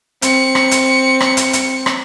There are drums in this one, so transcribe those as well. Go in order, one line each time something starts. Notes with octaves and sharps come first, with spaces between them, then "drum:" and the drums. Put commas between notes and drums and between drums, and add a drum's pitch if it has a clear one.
C4 C#7, drum: hi-hat
drum: rim click
drum: hi-hat
drum: rim click
drum: hi-hat
drum: hi-hat
drum: rim click